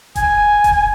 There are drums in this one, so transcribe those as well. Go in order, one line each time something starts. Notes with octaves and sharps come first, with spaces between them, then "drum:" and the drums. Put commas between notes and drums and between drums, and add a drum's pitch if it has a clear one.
G#5, drum: kick E1, hi-hat
drum: kick E1, hi-hat